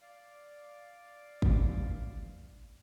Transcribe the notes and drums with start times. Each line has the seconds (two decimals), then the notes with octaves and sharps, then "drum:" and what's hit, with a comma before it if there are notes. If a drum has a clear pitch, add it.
0.01 D5 F5
1.42 drum: kick